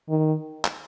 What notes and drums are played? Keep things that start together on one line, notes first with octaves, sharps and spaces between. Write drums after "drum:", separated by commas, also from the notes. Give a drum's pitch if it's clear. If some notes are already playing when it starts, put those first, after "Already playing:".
D#3
drum: clap